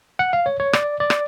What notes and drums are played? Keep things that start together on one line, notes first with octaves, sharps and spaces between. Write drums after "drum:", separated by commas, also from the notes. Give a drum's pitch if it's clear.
F#5
F5
C#5
C#5
D5, drum: rim click
D5
drum: rim click